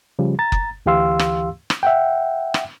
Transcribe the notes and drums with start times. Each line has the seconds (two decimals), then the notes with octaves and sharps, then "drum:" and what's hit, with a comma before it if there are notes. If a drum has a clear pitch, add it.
0.19 C#3 F3 G3
0.39 A#5 A6
0.52 drum: kick F#1
0.86 D2 E3 G4 F5 C6 E6
1.19 drum: rim click
1.70 drum: rim click
1.83 E5 F#5 G5
2.54 drum: rim click